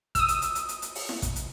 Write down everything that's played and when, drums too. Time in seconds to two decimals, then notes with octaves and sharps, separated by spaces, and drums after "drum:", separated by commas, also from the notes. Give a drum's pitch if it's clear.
0.15 D#6 E6, drum: kick A1, hi-hat
0.28 drum: hi-hat
0.42 drum: hi-hat
0.55 drum: hi-hat
0.69 drum: hi-hat
0.82 drum: hi-hat
0.95 drum: open hi-hat
1.09 drum: snare E4
1.22 drum: kick A1, hi-hat
1.36 drum: hi-hat